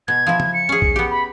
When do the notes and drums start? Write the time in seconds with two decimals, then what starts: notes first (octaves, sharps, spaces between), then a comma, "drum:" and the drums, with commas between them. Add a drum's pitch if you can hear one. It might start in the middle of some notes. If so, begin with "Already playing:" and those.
0.08 B2 G#6
0.27 F3 E4
0.40 drum: tom
0.54 C#7
0.69 C#4 G#4
0.82 drum: kick A#1
0.96 B3 G4
1.10 B5